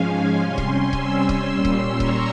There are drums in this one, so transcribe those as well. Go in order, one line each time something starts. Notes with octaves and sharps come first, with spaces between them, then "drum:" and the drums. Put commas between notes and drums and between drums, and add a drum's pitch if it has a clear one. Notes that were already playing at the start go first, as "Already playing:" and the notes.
Already playing: G#2 F3 G#3 C#4 F5 G#5
C3 G3 C#4 G#5 C6
drum: kick C#1
C6 E6, drum: kick C#1
drum: kick C#1
A#2 G3 C#4
drum: kick C#1
A#5 C#6, drum: kick C#1